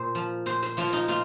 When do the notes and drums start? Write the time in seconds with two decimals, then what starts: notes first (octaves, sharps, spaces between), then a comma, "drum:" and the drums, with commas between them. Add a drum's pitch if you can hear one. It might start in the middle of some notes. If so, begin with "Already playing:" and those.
Already playing: A#2 C5
0.15 F3
0.46 A#2 C5, drum: hi-hat
0.62 C5, drum: hi-hat
0.77 F3 F4, drum: open hi-hat
0.93 D#4, drum: hi-hat
1.08 A#2 F4, drum: hi-hat